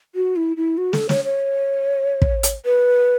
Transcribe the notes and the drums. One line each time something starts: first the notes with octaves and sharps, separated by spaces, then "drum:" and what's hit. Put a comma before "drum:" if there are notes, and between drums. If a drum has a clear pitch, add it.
F#4
E4
E4
F#4
A4, drum: snare
C#5, drum: snare
C#5
drum: kick
drum: hi-hat
B4